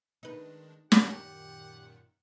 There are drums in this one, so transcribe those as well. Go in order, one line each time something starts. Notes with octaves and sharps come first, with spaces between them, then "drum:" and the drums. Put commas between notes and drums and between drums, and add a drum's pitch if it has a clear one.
D#3 G#3 D4 D#4 B4
F#2 A#2 D#3 G4 F#5, drum: snare